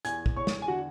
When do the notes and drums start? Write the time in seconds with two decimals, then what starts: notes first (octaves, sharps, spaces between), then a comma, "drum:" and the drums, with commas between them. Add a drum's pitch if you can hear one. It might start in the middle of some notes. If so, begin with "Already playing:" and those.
0.05 E2 G#5 G#6, drum: hi-hat
0.26 drum: kick
0.36 E2 C#5 C#6
0.47 drum: snare
0.62 G#5
0.68 D3 F#4 F#5